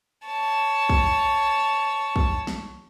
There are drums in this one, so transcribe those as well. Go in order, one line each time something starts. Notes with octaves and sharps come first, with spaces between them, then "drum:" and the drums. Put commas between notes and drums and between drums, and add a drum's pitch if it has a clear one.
C#5 A5
drum: kick
drum: kick
drum: snare